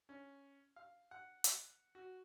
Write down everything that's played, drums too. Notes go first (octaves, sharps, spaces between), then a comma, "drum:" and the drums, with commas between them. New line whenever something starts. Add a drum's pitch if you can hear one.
C#4
F5
F#5
drum: hi-hat
F#4